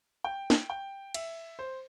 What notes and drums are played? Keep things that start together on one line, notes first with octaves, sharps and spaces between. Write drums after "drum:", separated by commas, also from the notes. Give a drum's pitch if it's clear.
G5
drum: snare
G5
E5, drum: cymbal
C5